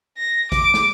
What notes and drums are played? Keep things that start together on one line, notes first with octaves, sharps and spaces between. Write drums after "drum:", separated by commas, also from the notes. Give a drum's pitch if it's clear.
A#6
D6, drum: kick, hi-hat
drum: snare